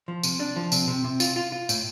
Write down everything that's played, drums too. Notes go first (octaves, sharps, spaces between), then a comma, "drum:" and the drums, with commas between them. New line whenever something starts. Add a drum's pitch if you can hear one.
F3
C3, drum: tambourine
D4
F3
C3, drum: tambourine
C3
C3
F4, drum: tambourine
F4
F4
A2, drum: tambourine